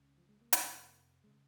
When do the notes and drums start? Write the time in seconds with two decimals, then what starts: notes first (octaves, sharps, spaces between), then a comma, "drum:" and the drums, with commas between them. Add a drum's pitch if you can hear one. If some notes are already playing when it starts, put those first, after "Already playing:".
Already playing: C#2 C#3
0.18 F3
0.29 G#3
0.41 A#3
0.53 F2 C3, drum: hi-hat
1.24 C#3 G#3